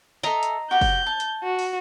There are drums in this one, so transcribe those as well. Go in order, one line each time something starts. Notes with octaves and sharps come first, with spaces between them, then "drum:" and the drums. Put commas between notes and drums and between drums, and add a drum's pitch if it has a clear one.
A4 D#5 E5 A#5 C6
drum: hi-hat
F#4 G4 G6
drum: kick, open hi-hat
A5
drum: hi-hat
F#4
drum: open hi-hat